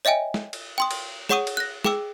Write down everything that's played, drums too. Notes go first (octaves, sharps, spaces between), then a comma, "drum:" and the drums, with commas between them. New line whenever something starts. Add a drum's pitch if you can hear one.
C#5 D#5 E5 G5 G#5
drum: snare
drum: cymbal
G5 C6 D#6
drum: cymbal
G#4 C#5 F#5 C#6 D#6 D#7, drum: snare
drum: cymbal
F#6 A#6
G#4 G5 D6 E6, drum: snare